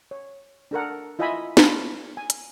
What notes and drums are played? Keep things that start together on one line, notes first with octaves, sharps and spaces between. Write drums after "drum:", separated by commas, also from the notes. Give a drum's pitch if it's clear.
C#5
D4 A4 A#4 F#5
E4 F4 D#5 E5 G#5 B5
F5 A5 B5 C6, drum: snare
G#5
drum: hi-hat